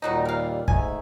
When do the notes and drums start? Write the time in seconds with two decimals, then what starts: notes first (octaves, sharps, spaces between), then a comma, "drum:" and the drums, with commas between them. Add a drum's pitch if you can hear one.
0.02 D#2 A#2 D#3 F#3 G3 D#4
0.25 A#4 F5
0.68 G#2 A3 D#4 G#5, drum: kick